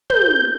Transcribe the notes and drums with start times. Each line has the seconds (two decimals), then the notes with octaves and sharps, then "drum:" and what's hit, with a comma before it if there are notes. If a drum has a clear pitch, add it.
0.10 G6, drum: tom